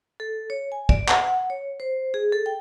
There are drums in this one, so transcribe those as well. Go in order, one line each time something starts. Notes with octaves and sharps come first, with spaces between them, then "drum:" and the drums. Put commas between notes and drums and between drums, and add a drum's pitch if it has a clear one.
A4
C#5
G#5
D5, drum: kick
F#5, drum: clap
F#5
C#5
C5
G#4
A4
G5